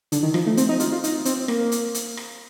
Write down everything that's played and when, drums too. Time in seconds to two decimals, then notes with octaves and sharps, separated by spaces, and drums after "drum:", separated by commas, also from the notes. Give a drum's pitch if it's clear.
0.12 D3, drum: hi-hat
0.23 D#3
0.34 F3, drum: rim click
0.47 A3
0.57 C4, drum: hi-hat
0.69 D#4
0.80 F4, drum: hi-hat
0.92 F4
1.04 D#4, drum: hi-hat
1.25 C4, drum: hi-hat
1.48 A#3, drum: rim click
1.72 drum: hi-hat
1.94 drum: hi-hat
2.17 drum: rim click